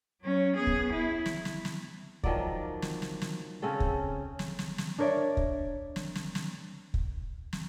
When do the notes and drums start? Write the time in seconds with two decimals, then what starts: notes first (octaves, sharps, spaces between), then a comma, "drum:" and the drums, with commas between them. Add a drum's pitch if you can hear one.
0.22 F#3 C#4
0.57 B3 G#4
0.67 drum: kick
0.93 E4
1.26 drum: snare
1.45 drum: snare
1.65 drum: snare
2.24 D#3 F3 F#3 D5, drum: kick
2.82 drum: snare
3.02 drum: snare
3.21 drum: snare
3.62 C#3 C4 C#4 A4
3.80 drum: kick
4.39 drum: snare
4.59 drum: snare
4.78 drum: snare
4.98 D4 A#4 C#5 D5 E5
5.37 drum: kick
5.96 drum: snare
6.15 drum: snare
6.35 drum: snare
6.94 drum: kick
7.53 drum: snare